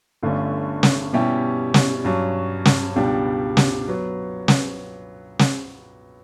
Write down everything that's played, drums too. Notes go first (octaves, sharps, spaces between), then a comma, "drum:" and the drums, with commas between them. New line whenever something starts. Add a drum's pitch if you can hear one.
G1 G2 D3 A3 C#4
drum: snare
B2 G3 C#4 E4 G4
drum: snare
G2 F#3 C#4
drum: snare
C#2 B2 G3 D4 G4
drum: snare
F#3 B3
drum: snare
drum: snare